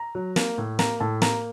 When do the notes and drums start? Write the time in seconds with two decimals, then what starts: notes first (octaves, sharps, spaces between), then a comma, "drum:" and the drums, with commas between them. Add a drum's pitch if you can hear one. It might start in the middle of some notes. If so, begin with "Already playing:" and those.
Already playing: A#5
0.15 F#3
0.36 A#3, drum: snare
0.58 A2
0.79 A#3 A#5, drum: snare
1.00 A2 A5
1.22 A#3 A#5, drum: snare